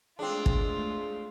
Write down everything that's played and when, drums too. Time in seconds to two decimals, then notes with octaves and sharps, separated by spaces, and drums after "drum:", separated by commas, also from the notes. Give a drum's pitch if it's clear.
0.19 G#3 A3 C4 D4 F4 G#4
0.46 drum: kick